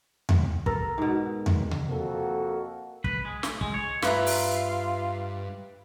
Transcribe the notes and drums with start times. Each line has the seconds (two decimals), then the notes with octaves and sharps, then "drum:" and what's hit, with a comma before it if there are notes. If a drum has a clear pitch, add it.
0.29 drum: tom E2
0.66 A4 A#4, drum: kick
0.98 G#2 B2
1.46 drum: tom E2
1.71 drum: tom C3
1.89 F2 A#3 F#4 A4
3.04 B4, drum: kick
3.25 G#3
3.43 A3, drum: snare
3.61 G#3, drum: kick
3.74 C#5
4.02 G2 F4 B4 E5 A#5, drum: snare
4.26 drum: open hi-hat